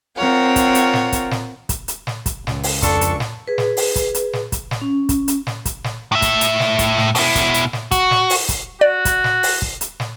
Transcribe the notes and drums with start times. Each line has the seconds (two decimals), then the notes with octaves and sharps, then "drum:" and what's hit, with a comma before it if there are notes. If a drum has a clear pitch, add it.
0.16 C4 F4 A#4 C#5 F#5
0.56 drum: kick, hi-hat
0.75 drum: hi-hat
0.94 drum: snare
1.12 drum: kick, hi-hat
1.31 drum: snare
1.69 drum: kick, hi-hat
1.88 drum: hi-hat
2.07 drum: snare
2.26 drum: kick, hi-hat
2.47 C#2, drum: snare
2.63 drum: open hi-hat
2.82 F2 D4 A4 C#6, drum: kick, hi-hat
3.01 drum: hi-hat
3.20 drum: snare
3.48 G#4 B4
3.58 drum: snare
3.77 drum: open hi-hat
3.96 drum: kick, hi-hat
4.14 drum: hi-hat
4.33 drum: snare
4.52 drum: kick, hi-hat
4.71 drum: snare
4.82 C#4
5.09 drum: kick, hi-hat
5.28 drum: hi-hat
5.47 drum: snare
5.65 drum: kick, hi-hat
5.84 drum: snare
6.12 A2 E5
6.22 drum: kick, hi-hat
6.41 drum: hi-hat
6.60 drum: snare
6.79 drum: kick, hi-hat
6.98 drum: snare
7.15 B2 E4, drum: open hi-hat
7.35 drum: kick, hi-hat
7.54 drum: hi-hat
7.73 drum: snare
7.91 F#4, drum: kick, hi-hat
8.11 drum: snare
8.30 drum: open hi-hat
8.49 drum: kick, hi-hat
8.81 F#4 D5
9.05 drum: kick, hi-hat
9.24 drum: snare
9.43 drum: open hi-hat
9.62 drum: kick
9.81 drum: hi-hat
10.00 drum: snare